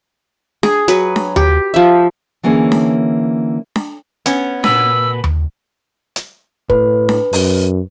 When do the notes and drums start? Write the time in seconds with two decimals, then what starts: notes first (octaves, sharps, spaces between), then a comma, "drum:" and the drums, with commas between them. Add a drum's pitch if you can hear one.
0.63 G#4, drum: snare D4
0.88 F#3 B4, drum: hi-hat
1.16 drum: snare D4
1.36 G4, drum: tom D#2
1.74 F3 E5
2.43 D3 E3 A#3 C#4 G#4 C#5
2.72 drum: snare D4
3.76 drum: snare D4
4.26 B3 C#4, drum: hi-hat
4.64 A#2 F#4 B4 E6, drum: snare D4
5.24 drum: tom D#2
6.16 drum: hi-hat
6.70 A2 B4, drum: kick
7.09 drum: snare D4
7.33 F#2, drum: open hi-hat